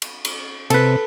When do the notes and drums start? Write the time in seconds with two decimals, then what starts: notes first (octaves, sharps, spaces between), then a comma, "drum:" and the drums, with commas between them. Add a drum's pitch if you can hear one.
0.02 drum: cymbal
0.25 drum: cymbal
0.70 C3 A4 B4, drum: cymbal